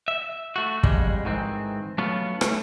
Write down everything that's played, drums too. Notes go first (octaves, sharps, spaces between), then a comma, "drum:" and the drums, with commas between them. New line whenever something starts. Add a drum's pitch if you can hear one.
E5
A3 F#4
F2 G3 G#3, drum: kick
G#2 D#3 E3 C4
F#3 A3 B3 C#4 F4
A3, drum: rim click